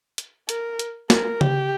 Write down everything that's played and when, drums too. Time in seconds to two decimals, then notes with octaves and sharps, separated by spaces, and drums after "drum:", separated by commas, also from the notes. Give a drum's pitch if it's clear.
0.18 drum: hi-hat
0.49 A#4, drum: hi-hat
0.79 drum: hi-hat
1.10 A#4, drum: snare
1.41 G4, drum: tom C#3